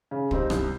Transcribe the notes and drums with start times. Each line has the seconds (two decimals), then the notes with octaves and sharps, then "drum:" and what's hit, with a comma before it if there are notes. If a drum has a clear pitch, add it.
0.11 C#3
0.31 G3 C4 D#4 G4, drum: kick
0.50 C2, drum: rim click